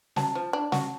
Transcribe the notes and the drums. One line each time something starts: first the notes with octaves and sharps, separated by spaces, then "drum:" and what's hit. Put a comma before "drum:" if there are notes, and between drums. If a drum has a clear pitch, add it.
F#3 A5, drum: snare
F3
D4
F#4, drum: snare